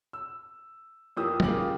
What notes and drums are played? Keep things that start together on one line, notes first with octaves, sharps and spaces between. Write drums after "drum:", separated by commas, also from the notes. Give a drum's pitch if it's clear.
E6
F2 E3 A#3 G4 D#6 E6
C#3 A#3 F4 G4 D6 F#7, drum: tom